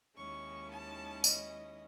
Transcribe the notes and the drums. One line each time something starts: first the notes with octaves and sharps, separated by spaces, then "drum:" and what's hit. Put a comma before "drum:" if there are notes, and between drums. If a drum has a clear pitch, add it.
D#2 D#3 G#3 C#4 E4 C#6
A5
D#5, drum: tambourine